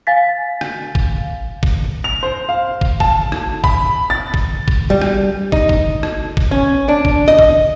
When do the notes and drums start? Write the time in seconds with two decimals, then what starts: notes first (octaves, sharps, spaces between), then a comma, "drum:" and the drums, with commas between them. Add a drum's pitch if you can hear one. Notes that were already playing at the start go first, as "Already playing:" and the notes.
0.07 F5 G#5 A6 B6
0.61 drum: rim click
0.95 drum: kick
1.63 drum: kick
2.04 F7
2.23 C5
2.49 F5
2.81 drum: kick
3.00 A5, drum: kick
3.32 drum: rim click
3.64 B5, drum: kick
4.10 A6
4.34 drum: kick
4.68 drum: kick
4.90 G3
5.02 drum: rim click
5.52 D#4, drum: kick
5.69 drum: kick
6.03 drum: rim click
6.37 drum: kick
6.51 C#4
6.89 D4
7.05 drum: kick
7.28 D#5
7.39 drum: kick